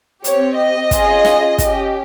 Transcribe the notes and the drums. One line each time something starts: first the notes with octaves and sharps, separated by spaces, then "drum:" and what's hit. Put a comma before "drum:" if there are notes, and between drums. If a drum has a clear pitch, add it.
C4 G4 C#5, drum: hi-hat
D#5
C#4 F4 G#4, drum: kick, hi-hat
drum: snare
C#4 G4, drum: kick, hi-hat